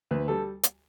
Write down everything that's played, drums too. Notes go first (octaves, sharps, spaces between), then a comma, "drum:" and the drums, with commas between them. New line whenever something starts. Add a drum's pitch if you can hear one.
D2 B4
G3 A4
drum: hi-hat